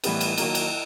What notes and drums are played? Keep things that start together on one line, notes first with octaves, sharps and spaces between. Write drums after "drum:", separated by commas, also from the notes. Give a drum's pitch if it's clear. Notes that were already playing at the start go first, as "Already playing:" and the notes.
A2 E3 G3 B3, drum: cymbal
drum: cymbal
D#3 F#3 A#3, drum: cymbal
drum: cymbal